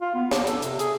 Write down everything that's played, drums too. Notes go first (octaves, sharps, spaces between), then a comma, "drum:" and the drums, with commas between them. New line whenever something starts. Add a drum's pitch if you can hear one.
F4
B3
D4, drum: snare
A4, drum: hi-hat
C3, drum: hi-hat
G#4, drum: hi-hat